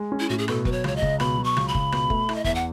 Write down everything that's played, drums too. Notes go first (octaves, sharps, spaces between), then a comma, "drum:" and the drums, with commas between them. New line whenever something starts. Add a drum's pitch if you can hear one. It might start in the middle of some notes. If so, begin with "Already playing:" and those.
Already playing: G#3
C#4
E4
A2 F#4
G#4
B2 A4, drum: rim click
F#3 B4, drum: kick F#1
C#5
C#2 C#5, drum: rim click
D#5
C#2, drum: kick F#1
B2 B5, drum: rim click
F#3
C#6
C#2, drum: rim click
B5
C#2, drum: kick F#1
B2, drum: rim click
A3, drum: kick F#1
E4, drum: rim click
D#5
E2 E5, drum: kick F#1
F#5